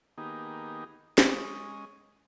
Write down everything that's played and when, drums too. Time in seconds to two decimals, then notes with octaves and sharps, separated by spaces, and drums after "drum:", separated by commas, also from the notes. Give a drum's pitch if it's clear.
0.18 D#3 A#3 B3 D#4 G4 G#4
1.18 G#3 C#4 D#5, drum: snare